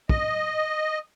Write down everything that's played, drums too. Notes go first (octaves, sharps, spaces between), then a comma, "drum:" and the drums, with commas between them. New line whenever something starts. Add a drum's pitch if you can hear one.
D#5, drum: kick